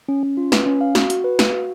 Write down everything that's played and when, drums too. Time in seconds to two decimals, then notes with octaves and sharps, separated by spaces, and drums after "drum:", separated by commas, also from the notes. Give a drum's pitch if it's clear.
0.08 C#4
0.23 C#4
0.37 F4
0.52 B4, drum: snare
0.66 C#4
0.81 F5
0.95 F#4, drum: snare
1.10 F#4, drum: hi-hat
1.24 B4
1.39 F5, drum: snare
1.53 F#4